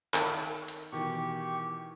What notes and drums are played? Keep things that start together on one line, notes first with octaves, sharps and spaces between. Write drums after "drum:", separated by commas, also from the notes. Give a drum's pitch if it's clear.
D#3 A4, drum: clap
drum: hi-hat
B2 D#3 E3 G4 C#6